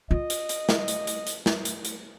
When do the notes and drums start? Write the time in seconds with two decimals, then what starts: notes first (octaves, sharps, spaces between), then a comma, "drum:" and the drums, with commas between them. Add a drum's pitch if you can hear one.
0.11 F4 D#5
0.30 drum: hi-hat
0.49 drum: hi-hat
0.69 drum: snare
0.88 drum: hi-hat
1.07 drum: hi-hat
1.27 drum: hi-hat
1.46 drum: snare
1.65 drum: hi-hat
1.85 drum: hi-hat